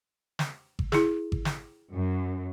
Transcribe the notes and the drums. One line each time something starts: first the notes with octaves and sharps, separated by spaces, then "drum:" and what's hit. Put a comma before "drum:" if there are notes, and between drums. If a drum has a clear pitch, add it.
drum: snare
drum: kick G#1
E4 G#4, drum: snare
drum: kick G#1
drum: snare
F#2